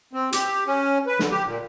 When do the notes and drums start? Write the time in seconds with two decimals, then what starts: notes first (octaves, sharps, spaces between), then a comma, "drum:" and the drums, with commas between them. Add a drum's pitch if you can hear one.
0.13 C4
0.33 G4, drum: hi-hat
0.67 C#4
1.07 B4
1.19 D3, drum: snare
1.31 G4
1.46 A#2